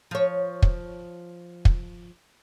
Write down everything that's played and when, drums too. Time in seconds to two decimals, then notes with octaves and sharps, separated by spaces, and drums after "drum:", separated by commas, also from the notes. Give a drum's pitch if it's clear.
0.11 F3 C#5
0.62 drum: kick
1.65 drum: kick